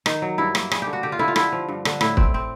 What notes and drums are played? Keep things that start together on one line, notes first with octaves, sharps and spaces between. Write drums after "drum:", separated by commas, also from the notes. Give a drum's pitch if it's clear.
D#3 D#4, drum: rim click
F#3
G2 E4
A#3, drum: rim click
G3 G#4, drum: rim click
D3 G4
F#4
D3 G4
F4
D3 E4
F4
D3 E4, drum: rim click
F3
G2
D3, drum: rim click
A2 E4, drum: rim click
C4, drum: kick
C4